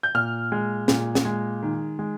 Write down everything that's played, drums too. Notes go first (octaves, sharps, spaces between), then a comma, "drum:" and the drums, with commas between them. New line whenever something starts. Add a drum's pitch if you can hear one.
G6
A#2 F6
G#3
A#2, drum: snare
drum: snare
G#3
D#3
G#3